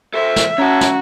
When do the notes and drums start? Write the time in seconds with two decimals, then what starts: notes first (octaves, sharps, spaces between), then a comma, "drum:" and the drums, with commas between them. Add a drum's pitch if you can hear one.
0.14 A4 C5 E5
0.36 drum: snare
0.58 C#4 F#4 C#5 A5 A#5
0.81 drum: snare